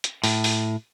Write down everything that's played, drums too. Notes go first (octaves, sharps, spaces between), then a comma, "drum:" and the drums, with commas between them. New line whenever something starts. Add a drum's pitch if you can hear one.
drum: hi-hat
A2, drum: open hi-hat
drum: open hi-hat